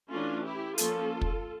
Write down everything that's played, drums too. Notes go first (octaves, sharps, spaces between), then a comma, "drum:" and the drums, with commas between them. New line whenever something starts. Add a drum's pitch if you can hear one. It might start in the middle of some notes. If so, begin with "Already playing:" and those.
E3 A3 C#4 D4 F4
E4 G4
F3 A#3 C#4 F4 A4, drum: hi-hat
drum: kick